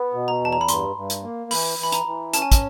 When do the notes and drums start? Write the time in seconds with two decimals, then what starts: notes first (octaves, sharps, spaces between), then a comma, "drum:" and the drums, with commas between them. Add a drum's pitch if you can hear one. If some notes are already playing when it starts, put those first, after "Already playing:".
Already playing: B3
0.13 B2
0.28 A#5
0.41 E2 A5
0.52 A#5
0.61 B5
0.68 G2 C6, drum: hi-hat
0.96 G2
1.10 drum: hi-hat
1.23 A#3
1.51 E3 B5, drum: open hi-hat
1.79 E3 B5
1.92 A#5, drum: hi-hat
2.05 E3
2.33 C#4 A5, drum: hi-hat
2.42 G#5
2.52 A5, drum: kick, hi-hat